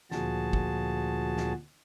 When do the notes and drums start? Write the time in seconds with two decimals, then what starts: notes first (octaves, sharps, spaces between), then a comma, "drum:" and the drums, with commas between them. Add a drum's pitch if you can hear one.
0.11 D2 A#2 F3 F#4 G#4 A5, drum: snare
0.53 drum: kick
1.37 drum: snare